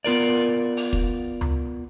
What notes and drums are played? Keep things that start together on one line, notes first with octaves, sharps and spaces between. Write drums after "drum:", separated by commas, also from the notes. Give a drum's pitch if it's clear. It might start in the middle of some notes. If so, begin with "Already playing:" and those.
B3 F4 A#4 D5
drum: open hi-hat
drum: kick
drum: tom C#2